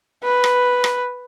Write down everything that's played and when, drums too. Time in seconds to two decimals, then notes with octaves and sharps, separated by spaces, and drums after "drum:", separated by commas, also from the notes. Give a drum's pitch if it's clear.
0.24 B4
0.44 drum: rim click
0.84 drum: rim click